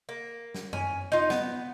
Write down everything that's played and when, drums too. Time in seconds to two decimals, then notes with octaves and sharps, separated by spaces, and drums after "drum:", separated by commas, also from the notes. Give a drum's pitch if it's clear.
0.09 A#3
0.55 drum: snare
0.73 C#4 G#5, drum: tom F#2
1.12 D#4 F4
1.30 B3, drum: snare